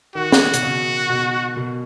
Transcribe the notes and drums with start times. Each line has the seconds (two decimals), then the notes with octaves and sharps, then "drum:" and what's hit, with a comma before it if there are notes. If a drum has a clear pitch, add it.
0.15 D#3 F#4
0.32 drum: snare
0.54 B2, drum: hi-hat
0.62 C#3
1.10 B2
1.57 B2